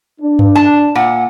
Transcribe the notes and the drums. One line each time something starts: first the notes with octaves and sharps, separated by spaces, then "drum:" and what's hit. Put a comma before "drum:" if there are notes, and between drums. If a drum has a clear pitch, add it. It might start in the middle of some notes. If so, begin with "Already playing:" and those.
D4
drum: tom G2
A5
A#2 F#5